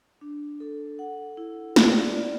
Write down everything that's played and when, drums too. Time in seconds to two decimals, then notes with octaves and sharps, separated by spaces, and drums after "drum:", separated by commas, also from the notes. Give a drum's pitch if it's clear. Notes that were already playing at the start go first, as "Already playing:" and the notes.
0.21 D4
0.60 A4
0.99 F#5
1.37 E4
1.76 D5, drum: snare
2.15 D5